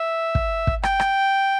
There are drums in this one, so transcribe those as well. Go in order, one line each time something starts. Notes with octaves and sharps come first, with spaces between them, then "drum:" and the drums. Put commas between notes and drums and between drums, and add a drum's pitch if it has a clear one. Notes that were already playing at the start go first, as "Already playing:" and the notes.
Already playing: E5
drum: kick
drum: kick
G5, drum: rim click
drum: rim click